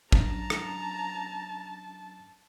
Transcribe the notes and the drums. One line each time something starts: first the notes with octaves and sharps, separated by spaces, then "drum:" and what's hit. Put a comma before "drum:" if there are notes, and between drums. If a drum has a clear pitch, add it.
F#3 C#4 D4 A5 A#5, drum: kick
drum: rim click